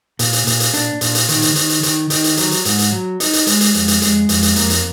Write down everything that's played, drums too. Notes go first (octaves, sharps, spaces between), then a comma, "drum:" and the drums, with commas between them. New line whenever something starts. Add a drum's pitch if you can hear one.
A#2, drum: hi-hat
drum: hi-hat
A#2, drum: hi-hat
drum: hi-hat
D4, drum: hi-hat
A#2, drum: hi-hat
drum: hi-hat
D#3, drum: hi-hat
drum: hi-hat
D#3, drum: hi-hat
drum: hi-hat
D#3, drum: hi-hat
D#3, drum: hi-hat
drum: hi-hat
F#3, drum: hi-hat
drum: hi-hat
G#2, drum: hi-hat
drum: hi-hat
F#3
D#4, drum: hi-hat
drum: hi-hat
G#3, drum: hi-hat
drum: hi-hat
F2, drum: hi-hat
drum: hi-hat
G#3, drum: hi-hat
F2, drum: hi-hat
drum: hi-hat
A#3, drum: hi-hat
drum: hi-hat